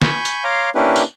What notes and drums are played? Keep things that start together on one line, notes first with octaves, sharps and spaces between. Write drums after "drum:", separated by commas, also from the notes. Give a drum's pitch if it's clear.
G#5 B5 C#6 G6, drum: snare
drum: tambourine
C#5 F5 A#5 C6 D6
A#3 C#4 D4 E4 G4 B4
drum: tambourine